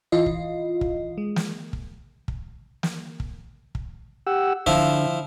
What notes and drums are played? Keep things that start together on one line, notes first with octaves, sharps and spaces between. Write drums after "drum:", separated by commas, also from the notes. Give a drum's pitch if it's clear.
E3 F4 D#5
drum: kick
drum: kick
G#3
drum: snare
drum: kick
drum: kick
drum: snare
drum: kick
drum: kick
G4 F#5 E6
D3 F3 E4, drum: kick